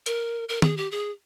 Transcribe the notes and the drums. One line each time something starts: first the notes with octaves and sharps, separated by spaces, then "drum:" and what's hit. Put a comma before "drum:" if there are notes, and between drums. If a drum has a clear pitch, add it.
A#4, drum: hi-hat
A#4
G#4, drum: tom
G4
G#4